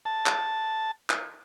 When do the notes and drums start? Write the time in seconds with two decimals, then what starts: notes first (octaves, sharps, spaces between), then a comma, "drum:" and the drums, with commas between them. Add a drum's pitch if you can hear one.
0.05 A5
0.26 drum: clap
1.10 drum: clap